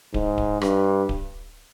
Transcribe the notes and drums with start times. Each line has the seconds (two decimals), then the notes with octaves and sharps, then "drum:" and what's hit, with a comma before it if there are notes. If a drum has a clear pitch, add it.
0.14 G#2, drum: kick D1
0.38 drum: kick D1
0.61 G2, drum: rim click
1.09 drum: kick D1